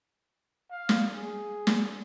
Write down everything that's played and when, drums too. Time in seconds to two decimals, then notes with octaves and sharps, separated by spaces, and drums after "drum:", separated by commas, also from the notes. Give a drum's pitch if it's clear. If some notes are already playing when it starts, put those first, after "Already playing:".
0.70 F5
0.89 drum: snare
1.15 G#4
1.67 drum: snare